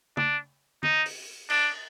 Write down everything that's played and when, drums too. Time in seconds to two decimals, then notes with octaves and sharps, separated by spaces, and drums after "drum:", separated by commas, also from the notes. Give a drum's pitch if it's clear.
0.17 D4, drum: tom
0.83 D#4, drum: tom
1.06 drum: open hi-hat
1.50 D4, drum: cymbal